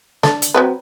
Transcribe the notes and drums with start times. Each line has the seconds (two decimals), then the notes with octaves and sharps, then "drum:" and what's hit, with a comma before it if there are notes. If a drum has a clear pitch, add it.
0.23 D4 A4, drum: snare
0.42 drum: hi-hat
0.54 F#3 C4 B4